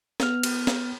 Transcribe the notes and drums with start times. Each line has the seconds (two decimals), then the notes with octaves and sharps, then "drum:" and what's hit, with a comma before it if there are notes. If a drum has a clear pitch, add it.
0.20 B3 F6, drum: snare
0.43 drum: cymbal
0.67 drum: snare